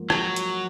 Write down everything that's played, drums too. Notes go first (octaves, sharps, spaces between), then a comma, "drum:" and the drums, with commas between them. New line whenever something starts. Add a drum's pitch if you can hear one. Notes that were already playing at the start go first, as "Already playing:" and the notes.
Already playing: G#2 F3 A#3
F#3, drum: rim click
drum: hi-hat